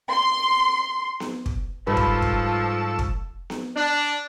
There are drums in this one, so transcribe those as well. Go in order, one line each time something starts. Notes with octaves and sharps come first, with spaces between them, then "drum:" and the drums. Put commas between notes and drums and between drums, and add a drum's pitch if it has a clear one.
C6
drum: snare B3
drum: kick
G#2 F3 G3 A4 B4 C#6 E6
drum: kick
drum: kick
drum: kick
drum: snare B3
D4